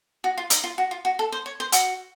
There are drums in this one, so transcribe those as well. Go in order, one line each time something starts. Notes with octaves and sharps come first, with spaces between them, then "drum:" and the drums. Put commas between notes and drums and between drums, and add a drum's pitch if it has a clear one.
F#4
F4
D#4, drum: hi-hat
F4
F#4
F4
F#4
A4
C5
C#5
C5
F#4, drum: hi-hat